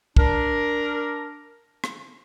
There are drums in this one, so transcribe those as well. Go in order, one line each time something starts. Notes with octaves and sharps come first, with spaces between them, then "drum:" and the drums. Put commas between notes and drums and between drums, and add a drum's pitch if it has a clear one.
D4 A#4, drum: kick
drum: rim click